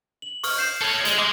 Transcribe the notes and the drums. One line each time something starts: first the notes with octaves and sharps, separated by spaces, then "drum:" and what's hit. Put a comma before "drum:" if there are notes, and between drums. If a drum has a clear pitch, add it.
F#7
C#6 D#6 F6, drum: open hi-hat
G6 C7 E7
A4 C#5 F#7
G#3, drum: hi-hat
G#3 D6